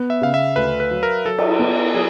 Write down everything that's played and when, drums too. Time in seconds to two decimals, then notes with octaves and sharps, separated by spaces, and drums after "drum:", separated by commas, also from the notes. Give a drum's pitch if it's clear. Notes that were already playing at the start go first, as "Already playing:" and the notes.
Already playing: B3
0.10 E5
0.21 C#3 F5
0.34 E5
0.56 D2 B4
0.80 B4
0.91 F#3
1.03 A#4
1.25 F#3 A4
1.38 drum: cymbal
1.59 B3
1.94 F#3 G#4